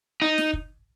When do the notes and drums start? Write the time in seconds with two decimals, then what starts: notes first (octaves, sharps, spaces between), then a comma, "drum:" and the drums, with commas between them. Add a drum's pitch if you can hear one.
0.22 D#4
0.38 drum: snare
0.53 drum: kick